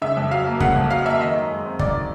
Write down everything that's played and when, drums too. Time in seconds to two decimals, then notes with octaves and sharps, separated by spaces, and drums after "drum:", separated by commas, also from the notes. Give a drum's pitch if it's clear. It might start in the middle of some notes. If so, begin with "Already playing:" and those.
0.02 C#3 E5
0.17 F2
0.31 F#3 F5
0.47 A#3
0.60 C#3 F#5, drum: kick
0.76 F2
0.91 F#3 F5
1.06 A#3 E5
1.20 D#3 D#5
1.34 F#2
1.50 G#3
1.65 C4
1.79 D#3 D5, drum: kick